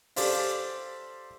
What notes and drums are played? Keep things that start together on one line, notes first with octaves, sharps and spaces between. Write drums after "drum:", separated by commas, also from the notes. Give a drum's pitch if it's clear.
G4 A4 C5 D5 F5, drum: open hi-hat